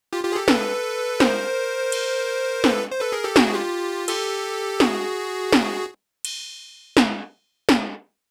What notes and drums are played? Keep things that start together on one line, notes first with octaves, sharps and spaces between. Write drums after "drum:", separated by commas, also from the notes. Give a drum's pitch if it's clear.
F4 G4
F4 G4
G#4
G4 A4
A4 B4, drum: snare
A#4 C5, drum: snare
drum: cymbal
A4 B4, drum: snare
C5
A4 B4
G#4 A#4
G4 A4
F#4 G#4, drum: snare
F4 G4
G4 A4, drum: cymbal
F#4 G#4, drum: snare
drum: snare
drum: cymbal
drum: snare
drum: snare